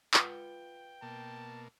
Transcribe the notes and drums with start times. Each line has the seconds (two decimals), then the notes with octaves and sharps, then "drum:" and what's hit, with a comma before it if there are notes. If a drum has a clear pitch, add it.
0.14 F4 B4 F#5 G5, drum: clap
1.02 B2 A#3 A5